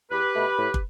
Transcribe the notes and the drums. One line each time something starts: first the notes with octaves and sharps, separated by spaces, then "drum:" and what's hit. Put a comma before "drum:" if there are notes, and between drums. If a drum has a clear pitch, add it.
E2 G4 B4
B2 A3
A2
drum: kick